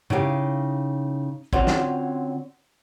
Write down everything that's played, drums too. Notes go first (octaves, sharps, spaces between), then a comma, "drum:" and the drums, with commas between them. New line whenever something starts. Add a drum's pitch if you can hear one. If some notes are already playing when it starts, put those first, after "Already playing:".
C#3 D#4 E4 G4 D#5 F5, drum: tom G2
D3 C4 C#4 F4 F#4 C#5, drum: kick
drum: snare